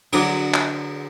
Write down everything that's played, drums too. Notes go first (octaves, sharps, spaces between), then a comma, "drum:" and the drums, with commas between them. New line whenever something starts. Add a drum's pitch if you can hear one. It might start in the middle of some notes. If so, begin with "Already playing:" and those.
D3 F#3 D5 F#5, drum: cymbal
drum: clap